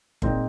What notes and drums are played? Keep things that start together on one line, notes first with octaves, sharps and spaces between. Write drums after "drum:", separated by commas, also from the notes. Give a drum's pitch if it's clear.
A#2 G#3 C4 D#4, drum: kick G1